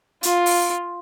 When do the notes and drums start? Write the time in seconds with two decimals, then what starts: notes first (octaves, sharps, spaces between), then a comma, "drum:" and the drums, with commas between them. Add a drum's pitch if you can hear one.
0.23 F4, drum: hi-hat
0.46 drum: open hi-hat